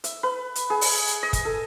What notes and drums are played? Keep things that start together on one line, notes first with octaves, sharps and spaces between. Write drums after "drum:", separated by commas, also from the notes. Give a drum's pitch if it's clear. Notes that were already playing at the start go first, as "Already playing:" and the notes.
E5, drum: hi-hat
B4
drum: hi-hat
G#4
drum: open hi-hat
drum: hi-hat
D#5
drum: kick, hi-hat
A4